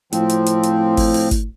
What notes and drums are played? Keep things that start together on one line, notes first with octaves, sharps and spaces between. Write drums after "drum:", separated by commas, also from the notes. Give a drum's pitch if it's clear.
A2 F3 C4, drum: hi-hat
drum: hi-hat
drum: hi-hat
drum: hi-hat
drum: kick G#1, open hi-hat
drum: open hi-hat
drum: kick G#1, hi-hat